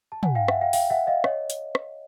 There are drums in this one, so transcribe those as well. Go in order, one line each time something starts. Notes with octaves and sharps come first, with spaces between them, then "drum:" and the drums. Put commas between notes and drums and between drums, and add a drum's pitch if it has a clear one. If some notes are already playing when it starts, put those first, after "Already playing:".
A5
F#5 G#5, drum: tom
F5 G5
E5 F#5, drum: rim click
F5 G5
F5 G5, drum: open hi-hat
E5 F#5
D#5 F5
C#5 D#5, drum: rim click
drum: hi-hat
drum: rim click